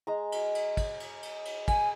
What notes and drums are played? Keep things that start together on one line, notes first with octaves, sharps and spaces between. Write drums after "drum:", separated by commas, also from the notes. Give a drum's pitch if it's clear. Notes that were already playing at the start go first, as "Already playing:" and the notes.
G#3 A#5
drum: cymbal
drum: cymbal
drum: kick, cymbal
drum: cymbal
drum: cymbal
drum: cymbal
G#5, drum: kick, cymbal